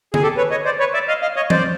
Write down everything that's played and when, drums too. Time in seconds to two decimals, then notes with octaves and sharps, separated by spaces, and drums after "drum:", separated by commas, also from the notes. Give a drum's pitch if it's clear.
0.14 G#4, drum: tom D3
0.23 G4 A4
0.37 B4 C#5
0.51 C#5 D#5
0.65 C5 D5
0.79 B4 C#5
0.94 D5 E5
1.08 D#5 F5
1.22 D#5 F5
1.36 C#5 D#5
1.50 C5 D5, drum: tom E3